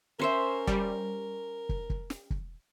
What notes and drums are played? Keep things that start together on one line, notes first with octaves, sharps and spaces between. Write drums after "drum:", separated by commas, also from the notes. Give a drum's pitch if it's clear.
C#4 A#4 C5 E5
G3, drum: kick
drum: kick
drum: kick
drum: snare
drum: kick